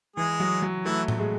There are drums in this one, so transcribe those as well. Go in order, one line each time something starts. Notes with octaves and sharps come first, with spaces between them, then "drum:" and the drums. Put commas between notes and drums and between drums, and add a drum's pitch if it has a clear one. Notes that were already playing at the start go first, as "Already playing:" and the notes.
E3 G#3 G#4
F#3
F#3
E3 A3 E4
drum: tom A2
G#3